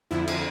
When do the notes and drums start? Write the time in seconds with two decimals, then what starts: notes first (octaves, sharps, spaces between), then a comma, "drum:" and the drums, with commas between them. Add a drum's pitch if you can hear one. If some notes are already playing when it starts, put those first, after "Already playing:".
0.11 F2 D3 F3 E4
0.28 drum: cymbal